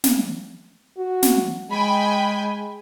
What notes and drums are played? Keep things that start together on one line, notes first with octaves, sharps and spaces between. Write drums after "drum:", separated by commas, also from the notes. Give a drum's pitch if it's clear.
drum: snare
F#4
drum: snare
G#3 G5 G#5 B5